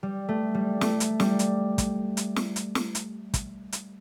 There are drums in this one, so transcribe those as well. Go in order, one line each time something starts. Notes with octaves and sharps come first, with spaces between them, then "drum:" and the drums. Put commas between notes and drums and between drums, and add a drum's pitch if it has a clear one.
G3
A3
G3
A3, drum: snare
drum: hi-hat
G3, drum: snare
drum: hi-hat
drum: kick, hi-hat
drum: hi-hat
drum: snare
drum: hi-hat
drum: snare
drum: hi-hat
drum: kick, hi-hat
drum: hi-hat